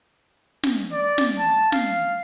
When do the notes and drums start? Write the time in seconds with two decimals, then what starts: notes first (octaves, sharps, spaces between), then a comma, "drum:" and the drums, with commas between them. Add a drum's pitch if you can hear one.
0.63 drum: snare
0.92 D5
1.18 drum: snare
1.39 A5
1.72 F5, drum: snare